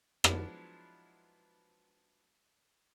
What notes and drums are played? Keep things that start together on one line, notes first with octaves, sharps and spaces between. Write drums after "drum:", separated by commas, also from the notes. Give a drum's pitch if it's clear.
F3 F#3 G#3 B3 D4 E4, drum: rim click